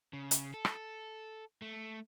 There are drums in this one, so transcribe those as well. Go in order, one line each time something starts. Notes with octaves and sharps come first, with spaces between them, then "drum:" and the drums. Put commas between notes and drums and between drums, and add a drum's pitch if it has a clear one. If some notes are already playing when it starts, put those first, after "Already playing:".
C#3
drum: hi-hat
A4
drum: rim click
A3